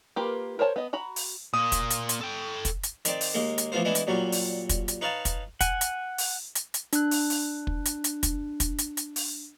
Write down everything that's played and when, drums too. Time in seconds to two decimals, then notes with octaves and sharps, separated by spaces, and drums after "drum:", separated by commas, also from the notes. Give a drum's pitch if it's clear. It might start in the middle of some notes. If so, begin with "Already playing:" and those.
0.16 A#3 F4 G4 A#4 B4
0.59 A#4 C5 C#5 A5
0.76 B3 D#5
0.93 F#4 A#5 B5
1.16 drum: open hi-hat
1.54 A#2 A#3 D#6
1.72 drum: kick, hi-hat
1.91 drum: hi-hat
2.09 drum: hi-hat
2.21 A4 G5
2.65 drum: kick, hi-hat
2.83 drum: hi-hat
3.05 D#3 C4 D5, drum: hi-hat
3.21 drum: open hi-hat
3.34 D#2 G#3 A#3
3.58 drum: hi-hat
3.72 E3 F3 A3 B3 F4 C5
3.85 E3 G#3 B3 D4 E4
3.95 drum: hi-hat
4.07 A#2 F#3 G3 F#4
4.32 drum: open hi-hat
4.69 drum: kick, hi-hat
4.88 drum: hi-hat
5.01 D#4 B4 C#5 F5 A5
5.25 drum: kick, hi-hat
5.61 F#5 G#5, drum: kick, hi-hat
5.81 drum: hi-hat
6.18 drum: open hi-hat
6.55 drum: hi-hat
6.74 drum: hi-hat
6.93 D4 F#6, drum: hi-hat
7.11 drum: open hi-hat
7.30 drum: open hi-hat
7.67 drum: kick
7.86 drum: hi-hat
8.04 drum: hi-hat
8.23 drum: kick, hi-hat
8.60 drum: kick, hi-hat
8.79 drum: hi-hat
8.97 drum: hi-hat
9.16 drum: open hi-hat